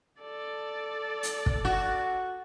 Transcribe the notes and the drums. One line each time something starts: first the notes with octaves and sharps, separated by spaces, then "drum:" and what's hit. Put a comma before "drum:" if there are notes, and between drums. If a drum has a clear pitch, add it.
A4 D5
drum: hi-hat
drum: kick
F#4